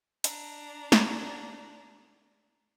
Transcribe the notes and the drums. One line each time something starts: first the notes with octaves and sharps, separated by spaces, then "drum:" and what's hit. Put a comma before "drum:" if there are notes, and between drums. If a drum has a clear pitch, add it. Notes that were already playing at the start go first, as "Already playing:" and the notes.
D4 A#5, drum: hi-hat
drum: snare